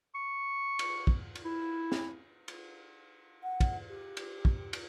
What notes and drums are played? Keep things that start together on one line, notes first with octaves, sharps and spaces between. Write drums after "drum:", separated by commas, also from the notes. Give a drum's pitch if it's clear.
C#6
drum: cymbal
drum: kick
drum: cymbal
E4
drum: snare
drum: cymbal
F#5
drum: kick, cymbal
G4
drum: cymbal
drum: kick
drum: cymbal